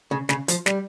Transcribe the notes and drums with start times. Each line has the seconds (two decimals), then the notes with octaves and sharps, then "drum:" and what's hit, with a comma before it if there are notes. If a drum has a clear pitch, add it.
0.11 C#3
0.29 C#3, drum: snare
0.48 F3, drum: hi-hat
0.66 G3, drum: snare